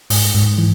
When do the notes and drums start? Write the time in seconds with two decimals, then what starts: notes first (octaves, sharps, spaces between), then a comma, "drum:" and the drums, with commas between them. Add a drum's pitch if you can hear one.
0.10 G#2, drum: open hi-hat
0.35 G#2
0.58 E3